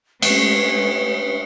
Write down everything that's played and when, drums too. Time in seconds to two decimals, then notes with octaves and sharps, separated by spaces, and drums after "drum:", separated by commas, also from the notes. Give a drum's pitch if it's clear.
0.22 G#3 A3 C#4 B4, drum: cymbal